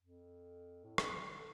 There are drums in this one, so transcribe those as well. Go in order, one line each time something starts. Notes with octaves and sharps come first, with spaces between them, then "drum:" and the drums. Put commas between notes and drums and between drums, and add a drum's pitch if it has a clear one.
F2
A2
F2, drum: rim click
D3